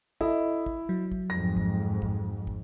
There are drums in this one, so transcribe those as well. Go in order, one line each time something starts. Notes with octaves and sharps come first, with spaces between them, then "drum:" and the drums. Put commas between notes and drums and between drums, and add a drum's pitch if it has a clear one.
E4 A4 D#5, drum: kick
drum: kick
F#3
drum: kick
F2 G#2 A#6
drum: kick
drum: kick
drum: kick